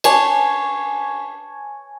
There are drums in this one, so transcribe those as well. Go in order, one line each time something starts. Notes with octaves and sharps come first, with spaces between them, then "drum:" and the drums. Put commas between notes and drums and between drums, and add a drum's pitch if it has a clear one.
C#5 G#5 A5 D6, drum: cymbal